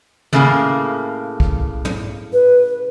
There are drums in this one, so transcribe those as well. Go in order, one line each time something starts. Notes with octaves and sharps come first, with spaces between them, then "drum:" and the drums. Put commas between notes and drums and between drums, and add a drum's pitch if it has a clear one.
A2 C#3 A#3, drum: tom
drum: kick
drum: tom
B4